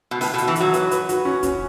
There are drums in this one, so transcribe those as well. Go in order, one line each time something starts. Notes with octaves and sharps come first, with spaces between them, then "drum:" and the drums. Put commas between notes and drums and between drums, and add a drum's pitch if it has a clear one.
B2
A2 B4, drum: open hi-hat
B2
F#4, drum: hi-hat
E3
F#3 F#4, drum: hi-hat
B4, drum: hi-hat
B4, drum: hi-hat
F#4, drum: hi-hat
C#4
C#4, drum: kick, hi-hat